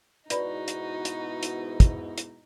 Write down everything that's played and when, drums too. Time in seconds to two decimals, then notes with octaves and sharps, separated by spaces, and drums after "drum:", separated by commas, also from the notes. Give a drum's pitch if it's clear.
0.30 G#2 B2 D#4 E4 F#4 B4 D5 B5, drum: hi-hat
0.68 drum: hi-hat
1.05 drum: hi-hat
1.43 drum: hi-hat
1.80 drum: kick, hi-hat
2.18 drum: hi-hat